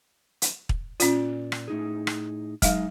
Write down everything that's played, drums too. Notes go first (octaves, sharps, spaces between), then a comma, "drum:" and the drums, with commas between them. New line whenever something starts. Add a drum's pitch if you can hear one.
drum: hi-hat
drum: kick
A#2 C#4 F4 D5, drum: hi-hat
drum: rim click
A2 D#4 G#4
drum: rim click
F#3 G#3 D#4 F5, drum: kick, hi-hat